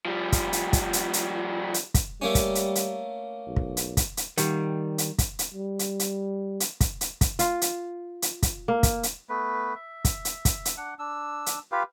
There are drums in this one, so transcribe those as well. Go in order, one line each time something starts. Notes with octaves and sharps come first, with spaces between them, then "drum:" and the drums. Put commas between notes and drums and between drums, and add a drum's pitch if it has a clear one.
F3 G3
drum: kick, hi-hat
drum: hi-hat
drum: kick, hi-hat
drum: hi-hat
drum: hi-hat
drum: hi-hat
drum: kick, hi-hat
G3 A3 A#3 C#4
drum: kick, hi-hat
drum: hi-hat
drum: hi-hat
B1
drum: kick
drum: hi-hat
drum: kick, hi-hat
drum: hi-hat
D#3 G3, drum: hi-hat
drum: hi-hat
drum: kick, hi-hat
drum: hi-hat
G3
drum: hi-hat
drum: hi-hat
drum: hi-hat
drum: kick, hi-hat
drum: hi-hat
drum: kick, hi-hat
F4, drum: hi-hat
drum: hi-hat
drum: hi-hat
drum: kick, hi-hat
A#3
drum: kick, hi-hat
drum: hi-hat
A3 B3 B4
E5
drum: kick, hi-hat
drum: hi-hat
drum: kick, hi-hat
drum: hi-hat
D4 F#5
D4 E6
drum: hi-hat
F4 G4 B4 F5